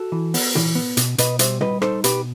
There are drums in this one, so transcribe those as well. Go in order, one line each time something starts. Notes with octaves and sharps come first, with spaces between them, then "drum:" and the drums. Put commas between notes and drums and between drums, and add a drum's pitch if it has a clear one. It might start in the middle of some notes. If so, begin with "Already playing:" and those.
Already playing: F#4 A4
E3
B3, drum: open hi-hat
E3, drum: tom
B3
B2, drum: hi-hat
B2 B4 D#5, drum: hi-hat
G3 C5 E5, drum: hi-hat
G3 B4 D#5, drum: tom
D#4 A4 C5, drum: rim click
B2 G4 B4, drum: hi-hat